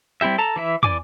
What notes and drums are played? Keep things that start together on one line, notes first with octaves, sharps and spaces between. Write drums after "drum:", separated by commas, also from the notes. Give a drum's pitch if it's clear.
G3 C4 E4 G4 E5
A4 A5 A#5
E3 E4 E5
E3 D5 G#5 D6, drum: tom